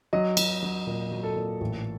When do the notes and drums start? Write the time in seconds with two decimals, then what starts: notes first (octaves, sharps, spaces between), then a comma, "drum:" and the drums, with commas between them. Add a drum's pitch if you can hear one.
0.13 F#3 D#5
0.37 F#3, drum: cymbal
0.63 F#3
0.87 A#2
1.12 F#3
1.23 A4
1.36 A#2
1.61 A1